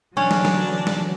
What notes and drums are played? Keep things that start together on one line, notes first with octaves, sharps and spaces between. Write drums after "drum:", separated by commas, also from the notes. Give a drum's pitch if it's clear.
D3 E3 F#3 C#4 D4
drum: snare
drum: snare
drum: snare